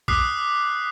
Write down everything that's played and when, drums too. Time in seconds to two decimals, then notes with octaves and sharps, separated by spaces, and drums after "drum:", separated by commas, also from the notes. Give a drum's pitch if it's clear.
0.08 D6 D#6 F6 F#6 B6 C7, drum: kick A#1